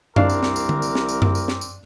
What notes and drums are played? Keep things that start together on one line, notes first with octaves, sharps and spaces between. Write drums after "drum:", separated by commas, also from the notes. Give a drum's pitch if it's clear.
C2 C4 D4 A#4 F5 D6, drum: tom F#2
drum: tambourine
drum: snare
drum: tambourine
drum: tom D3
drum: tambourine
drum: snare
drum: tambourine
drum: tom F#2
drum: tambourine
drum: snare
drum: tambourine